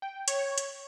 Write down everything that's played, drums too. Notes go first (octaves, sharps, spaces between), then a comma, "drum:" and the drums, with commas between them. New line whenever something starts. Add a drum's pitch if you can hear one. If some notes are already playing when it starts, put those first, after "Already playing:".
G5
C#5, drum: hi-hat
drum: hi-hat